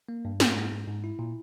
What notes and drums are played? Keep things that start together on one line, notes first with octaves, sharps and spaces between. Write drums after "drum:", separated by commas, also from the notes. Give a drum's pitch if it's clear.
A#3
G2
G#2, drum: snare
G#2
G#2
G#2
E4
A#2